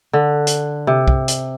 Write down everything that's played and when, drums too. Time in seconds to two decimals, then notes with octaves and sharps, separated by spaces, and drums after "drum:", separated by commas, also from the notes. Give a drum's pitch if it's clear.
0.13 D3
0.47 drum: hi-hat
0.87 C3
1.08 drum: kick
1.28 drum: hi-hat